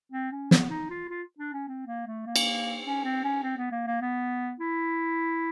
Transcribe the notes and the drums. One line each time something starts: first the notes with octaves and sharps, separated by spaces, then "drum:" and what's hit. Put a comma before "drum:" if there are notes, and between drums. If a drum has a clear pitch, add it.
C4
C#4
B3, drum: snare
D#4
F4
F4
D4
C#4
C4
A#3
A3
A#3
drum: cymbal
C#4
C4
C#4
C4
B3
A#3
A#3
B3
E4